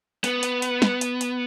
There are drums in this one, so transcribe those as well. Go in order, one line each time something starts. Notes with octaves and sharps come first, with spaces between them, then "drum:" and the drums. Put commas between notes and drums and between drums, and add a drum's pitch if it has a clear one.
B3, drum: hi-hat
drum: hi-hat
drum: hi-hat
drum: snare
drum: hi-hat
drum: hi-hat